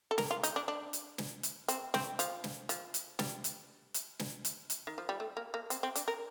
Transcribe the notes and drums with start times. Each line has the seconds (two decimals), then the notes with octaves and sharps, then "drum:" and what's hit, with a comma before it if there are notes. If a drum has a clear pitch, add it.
0.11 A4
0.18 A#4, drum: snare
0.31 F4
0.43 D#4, drum: hi-hat
0.56 D4
0.68 D4
0.93 drum: hi-hat
1.18 drum: snare
1.43 drum: hi-hat
1.68 C4, drum: hi-hat
1.94 C4, drum: snare
2.19 F3, drum: hi-hat
2.44 drum: snare
2.69 F3, drum: hi-hat
2.94 drum: hi-hat
3.19 G3, drum: snare
3.44 drum: hi-hat
3.94 drum: hi-hat
4.19 drum: snare
4.45 drum: hi-hat
4.70 drum: hi-hat
4.87 D#3
4.98 F3
5.09 G3
5.20 A3
5.37 A#3
5.54 A#3
5.70 C4, drum: hi-hat
5.83 C4
5.95 D4, drum: hi-hat
6.08 A#4